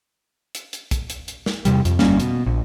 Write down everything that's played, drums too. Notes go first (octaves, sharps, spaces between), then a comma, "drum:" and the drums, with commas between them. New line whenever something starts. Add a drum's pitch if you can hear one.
drum: hi-hat
drum: hi-hat
drum: kick, hi-hat
drum: hi-hat
drum: hi-hat
drum: snare
E2 C3 G3, drum: hi-hat
F2, drum: hi-hat
G1 G3 A#3 C#4, drum: snare
B2, drum: hi-hat
A#1